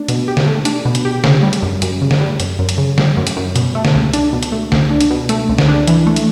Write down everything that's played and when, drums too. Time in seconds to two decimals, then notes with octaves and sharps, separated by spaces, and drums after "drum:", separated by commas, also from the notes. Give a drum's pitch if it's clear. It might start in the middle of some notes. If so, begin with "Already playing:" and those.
Already playing: A3 D4
0.08 B2, drum: hi-hat
0.28 G4
0.37 drum: snare
0.47 A3
0.65 D4, drum: hi-hat
0.85 B2
0.95 drum: hi-hat
1.05 G4
1.24 C#3, drum: snare
1.43 G3
1.53 drum: hi-hat
1.62 F#2
1.82 F#2, drum: hi-hat
2.01 C#3
2.11 drum: snare
2.21 G3
2.40 F#2, drum: hi-hat
2.59 F#2
2.69 drum: hi-hat
2.78 C#3
2.98 G3, drum: snare
3.17 F#2
3.27 drum: hi-hat
3.37 F#2
3.56 B2, drum: hi-hat
3.75 A3
3.85 drum: snare
3.95 C#2
4.13 D4, drum: hi-hat
4.33 B2
4.43 drum: hi-hat
4.52 A3
4.72 C#2, drum: snare
4.90 D4
5.00 drum: hi-hat
5.11 B2
5.29 A3, drum: hi-hat
5.49 C#2
5.58 drum: snare
5.68 D4
5.87 E3, drum: hi-hat
6.07 A3
6.16 drum: hi-hat